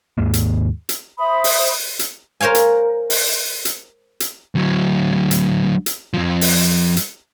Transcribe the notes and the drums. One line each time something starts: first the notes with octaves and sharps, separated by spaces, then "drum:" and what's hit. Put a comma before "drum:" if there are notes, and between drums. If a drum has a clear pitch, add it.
D#2 G#2 G#3 A#3
drum: hi-hat
drum: hi-hat
C5 E5 B5 D#6
drum: open hi-hat
drum: hi-hat
A#4 C5 C#5 F5 G#5
drum: hi-hat
drum: open hi-hat
drum: hi-hat
drum: hi-hat
D2 F#3
drum: hi-hat
drum: hi-hat
F2 F3
drum: open hi-hat
drum: hi-hat